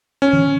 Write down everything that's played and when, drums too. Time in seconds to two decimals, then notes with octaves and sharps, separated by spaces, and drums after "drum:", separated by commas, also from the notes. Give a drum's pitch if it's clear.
0.22 C#4
0.33 drum: tom E3